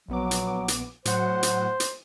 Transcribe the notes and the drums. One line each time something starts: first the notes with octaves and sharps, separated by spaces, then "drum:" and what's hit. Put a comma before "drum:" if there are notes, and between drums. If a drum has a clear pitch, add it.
A#1 F#3 B3 D6
drum: hi-hat
drum: hi-hat
A2 F#3 C5 F#5, drum: hi-hat
drum: hi-hat
drum: hi-hat